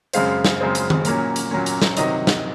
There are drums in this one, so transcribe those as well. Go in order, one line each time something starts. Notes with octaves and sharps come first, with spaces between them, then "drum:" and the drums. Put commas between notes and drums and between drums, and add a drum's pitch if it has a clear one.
F#2 C#3 G#3 C4 F5, drum: hi-hat
drum: snare
F#2 C#3 G#3 C4
drum: hi-hat
drum: tom D#3
A#2 F#3 A#3 C#4, drum: hi-hat
drum: hi-hat
A#2 F#3 A#3 C#4
drum: hi-hat
drum: snare
C3 D#3 F#3 D#5, drum: hi-hat
drum: snare